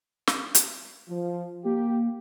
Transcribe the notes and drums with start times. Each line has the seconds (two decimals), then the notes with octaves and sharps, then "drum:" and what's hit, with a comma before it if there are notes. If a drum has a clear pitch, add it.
0.27 drum: snare
0.55 drum: hi-hat
1.09 F3
1.65 A#3 G4